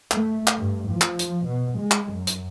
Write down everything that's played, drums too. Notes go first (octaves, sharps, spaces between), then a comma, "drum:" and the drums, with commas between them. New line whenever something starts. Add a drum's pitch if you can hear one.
A3, drum: clap
drum: clap
G2
F3
drum: clap
drum: hi-hat
B2
G#3
drum: clap
F#2
drum: hi-hat